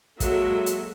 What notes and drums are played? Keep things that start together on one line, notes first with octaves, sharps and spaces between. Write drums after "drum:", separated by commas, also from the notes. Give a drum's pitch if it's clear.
F#3 G#3 A#3 F#4 A4 E5, drum: kick, hi-hat
drum: hi-hat